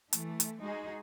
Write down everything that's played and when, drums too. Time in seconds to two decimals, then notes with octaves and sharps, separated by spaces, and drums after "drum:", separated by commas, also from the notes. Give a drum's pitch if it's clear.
0.13 E3 A3, drum: hi-hat
0.40 drum: hi-hat
0.62 G#3 D#4 F#4 G#4